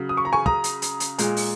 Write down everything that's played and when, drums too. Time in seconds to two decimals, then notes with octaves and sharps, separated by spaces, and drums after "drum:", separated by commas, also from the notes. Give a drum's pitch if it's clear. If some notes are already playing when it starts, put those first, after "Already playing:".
Already playing: C#3 F#3
0.09 D#6
0.17 C#6
0.25 A#5
0.33 G#5 C#6
0.46 A#5 D#6, drum: kick
0.64 drum: hi-hat
0.82 drum: hi-hat
1.00 drum: hi-hat
1.18 A#2 G#3, drum: hi-hat
1.37 drum: open hi-hat